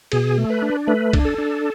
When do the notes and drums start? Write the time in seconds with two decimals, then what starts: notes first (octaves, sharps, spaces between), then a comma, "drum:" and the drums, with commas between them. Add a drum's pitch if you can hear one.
0.12 B2 G#4, drum: cymbal
0.38 A3
0.50 B4
0.62 D4
0.87 A3 B4
1.13 D4, drum: kick, cymbal
1.25 A4
1.38 D4